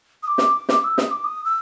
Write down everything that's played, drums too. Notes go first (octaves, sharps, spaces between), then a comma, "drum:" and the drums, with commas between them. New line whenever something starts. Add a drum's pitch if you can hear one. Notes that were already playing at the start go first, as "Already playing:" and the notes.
D#6
D6
drum: snare
drum: snare
E6
D#6, drum: snare
D6
D#6
E6